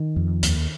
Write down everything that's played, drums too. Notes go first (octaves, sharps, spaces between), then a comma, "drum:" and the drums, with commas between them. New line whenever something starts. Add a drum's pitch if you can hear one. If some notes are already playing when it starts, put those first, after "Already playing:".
Already playing: D#3
F2
D#2, drum: hi-hat